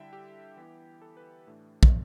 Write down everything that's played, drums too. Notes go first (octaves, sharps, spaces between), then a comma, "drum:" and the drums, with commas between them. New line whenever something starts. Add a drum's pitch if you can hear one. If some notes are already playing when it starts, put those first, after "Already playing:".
Already playing: D3 G3 E4 E5 G5
G4
E3 B3 E4
A4
B4
A2 E3 A3 D4
drum: kick